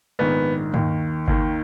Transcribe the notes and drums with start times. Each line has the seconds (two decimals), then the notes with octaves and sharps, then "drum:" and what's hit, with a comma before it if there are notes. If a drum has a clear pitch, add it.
0.19 A#1 G#2 D#3 B3
0.74 D#2 D#3, drum: tom
1.28 D#2 D#3, drum: kick G1